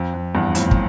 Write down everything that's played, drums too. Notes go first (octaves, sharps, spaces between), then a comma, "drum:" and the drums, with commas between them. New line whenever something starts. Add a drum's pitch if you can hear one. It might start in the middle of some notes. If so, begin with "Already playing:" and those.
Already playing: F2
F2
E2 G2
F2 A2, drum: hi-hat
drum: kick